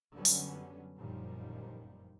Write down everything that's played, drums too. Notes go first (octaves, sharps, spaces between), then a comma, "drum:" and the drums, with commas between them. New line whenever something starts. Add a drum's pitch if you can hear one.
F#2 D3 F#3 G3 B3 C#4
drum: open hi-hat
G1 F#2 A#2 D#3 F3 G3